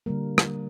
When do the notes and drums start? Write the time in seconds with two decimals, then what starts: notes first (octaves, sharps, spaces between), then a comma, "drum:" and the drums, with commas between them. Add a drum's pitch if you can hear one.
0.06 D3 G3 A#3 A#4
0.38 drum: rim click